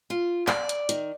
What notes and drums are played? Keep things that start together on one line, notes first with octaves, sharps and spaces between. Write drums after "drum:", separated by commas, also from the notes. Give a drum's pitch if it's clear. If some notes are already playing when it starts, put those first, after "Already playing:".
F4
D5, drum: clap
drum: hi-hat
D#3, drum: hi-hat